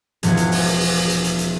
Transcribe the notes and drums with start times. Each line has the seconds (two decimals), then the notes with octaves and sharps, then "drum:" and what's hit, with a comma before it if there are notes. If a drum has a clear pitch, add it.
0.23 E1 E2 F3 C#4 F#5 G#6, drum: hi-hat
0.37 drum: hi-hat
0.52 drum: open hi-hat
0.66 drum: hi-hat
0.81 drum: open hi-hat
0.95 drum: hi-hat
1.10 drum: hi-hat
1.24 drum: hi-hat
1.39 drum: hi-hat